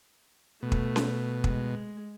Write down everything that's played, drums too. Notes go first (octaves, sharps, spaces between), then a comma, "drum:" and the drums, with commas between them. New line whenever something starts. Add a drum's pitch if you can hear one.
B2 A3
drum: kick
drum: snare C#4
G#3, drum: kick